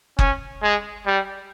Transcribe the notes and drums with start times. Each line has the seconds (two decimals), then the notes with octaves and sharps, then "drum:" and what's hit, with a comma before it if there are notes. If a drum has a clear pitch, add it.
0.19 C#4, drum: kick F#1
0.62 G#3
1.06 G3